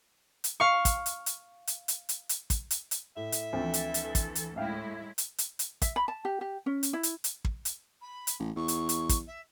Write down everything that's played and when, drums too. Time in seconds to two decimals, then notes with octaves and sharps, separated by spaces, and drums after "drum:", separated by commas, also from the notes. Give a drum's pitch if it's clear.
0.44 drum: hi-hat
0.60 F5 C#6
0.85 drum: kick, hi-hat
1.06 drum: hi-hat
1.26 drum: hi-hat
1.67 drum: hi-hat
1.88 drum: hi-hat
2.09 drum: hi-hat
2.29 drum: hi-hat
2.50 drum: kick, hi-hat
2.71 drum: hi-hat
2.91 drum: hi-hat
3.17 A2 E5
3.32 drum: hi-hat
3.53 D2 E3 F3 C4 A4
3.74 drum: hi-hat
3.94 drum: hi-hat
4.15 drum: kick, hi-hat
4.35 drum: hi-hat
4.56 A2 G#3 E4 E5 F5 G5
5.18 drum: hi-hat
5.38 drum: hi-hat
5.59 drum: hi-hat
5.82 E5, drum: kick, hi-hat
5.96 B5
6.08 A5
6.25 G4
6.41 G4
6.66 C#4
6.83 drum: hi-hat
6.93 E4
7.03 drum: hi-hat
7.24 drum: hi-hat
7.45 drum: kick
7.65 drum: hi-hat
8.01 B5
8.27 drum: hi-hat
8.39 A1
8.56 E2 C#6
8.68 drum: hi-hat
8.89 drum: hi-hat
9.09 drum: kick, hi-hat
9.27 E5